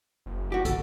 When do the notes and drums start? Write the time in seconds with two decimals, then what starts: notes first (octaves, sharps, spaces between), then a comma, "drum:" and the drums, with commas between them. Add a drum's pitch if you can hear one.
0.26 F#1
0.52 F#4 G4
0.65 A4, drum: kick, hi-hat